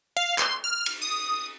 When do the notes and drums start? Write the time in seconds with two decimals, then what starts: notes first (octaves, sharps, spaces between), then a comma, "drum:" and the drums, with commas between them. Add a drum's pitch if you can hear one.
0.17 F5
0.38 C6, drum: clap
0.64 F6
0.86 drum: cymbal
1.02 D#6